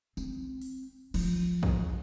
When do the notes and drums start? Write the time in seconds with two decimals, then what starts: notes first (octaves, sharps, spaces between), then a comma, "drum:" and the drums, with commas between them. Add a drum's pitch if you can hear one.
0.17 C4, drum: tambourine
0.62 drum: open hi-hat
1.14 F3, drum: cymbal
1.63 drum: kick